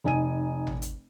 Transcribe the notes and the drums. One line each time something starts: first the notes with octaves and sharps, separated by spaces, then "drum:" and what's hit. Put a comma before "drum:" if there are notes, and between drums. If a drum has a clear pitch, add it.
F1 D#4 G#5 D#7
drum: tom G#1
drum: hi-hat